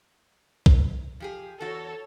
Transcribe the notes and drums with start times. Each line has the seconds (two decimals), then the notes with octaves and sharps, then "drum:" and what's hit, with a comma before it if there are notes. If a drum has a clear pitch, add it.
0.66 drum: kick
1.20 F3 G4 G#4
1.61 E2 F#4 A4 C#5